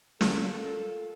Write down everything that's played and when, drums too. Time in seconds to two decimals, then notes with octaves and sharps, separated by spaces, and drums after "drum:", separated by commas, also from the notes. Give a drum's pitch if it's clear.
0.21 A#2 F4 A4, drum: snare